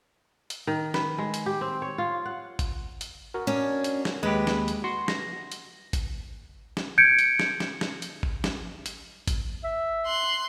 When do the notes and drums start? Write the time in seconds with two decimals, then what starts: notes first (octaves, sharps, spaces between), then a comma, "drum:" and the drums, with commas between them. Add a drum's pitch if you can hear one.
0.50 drum: hi-hat
0.67 D#3
0.94 B4, drum: snare
1.18 G#3
1.34 drum: hi-hat
1.46 G4
1.61 C4
1.82 C#5
1.98 F4
2.26 F#5
2.59 drum: kick G#1, hi-hat
3.01 drum: hi-hat
3.34 F#4 A#4
3.47 C#4 D4
3.84 drum: hi-hat
4.05 drum: snare
4.23 D#2 G#3 G4 B4 B5
4.47 drum: snare
4.68 drum: hi-hat
4.84 F#4 C6
5.08 A#6, drum: snare
5.52 drum: hi-hat
5.93 drum: kick G#1, hi-hat
6.77 drum: snare
6.98 G6 G#6 C#7 D7
7.19 drum: hi-hat
7.40 drum: snare
7.60 drum: snare
7.81 drum: snare
8.02 drum: hi-hat
8.23 drum: kick G#1
8.44 drum: snare
8.86 drum: hi-hat
9.27 drum: kick G#1, hi-hat
9.64 E5
10.07 C6 F#6